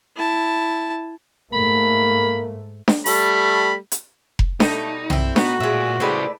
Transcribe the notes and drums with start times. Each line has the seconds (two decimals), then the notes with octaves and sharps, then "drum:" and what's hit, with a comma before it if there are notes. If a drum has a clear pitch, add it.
0.16 E4 A5
1.53 G#2 A3 A#3 B5
2.88 drum: snare D4
3.06 G3 A3 B5, drum: open hi-hat
3.92 drum: hi-hat
4.39 drum: kick F1
4.60 B2 G3 A3 D#4 A4, drum: snare D4
5.10 C4 E4, drum: tom B1
5.36 A2 B3 D#4 F#4, drum: snare D4
5.60 A#2 G#3 E5
6.00 G#3 A3 E4 G4 B4 C5 D5